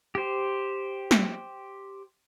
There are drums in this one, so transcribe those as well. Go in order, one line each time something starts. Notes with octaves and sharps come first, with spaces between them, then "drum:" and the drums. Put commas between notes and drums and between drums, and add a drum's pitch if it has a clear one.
G4 C5
drum: snare